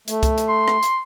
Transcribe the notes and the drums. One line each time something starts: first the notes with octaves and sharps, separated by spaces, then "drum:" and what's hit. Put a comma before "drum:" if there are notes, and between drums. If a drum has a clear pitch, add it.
A3, drum: hi-hat
drum: kick C2, hi-hat
drum: hi-hat
C6
drum: rim click
drum: hi-hat